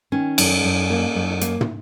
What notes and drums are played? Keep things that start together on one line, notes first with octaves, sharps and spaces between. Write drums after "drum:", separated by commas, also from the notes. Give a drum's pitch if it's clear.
D#3 C#4
F#2, drum: cymbal
F#2
A#3
F#2
A#3, drum: hi-hat
drum: tom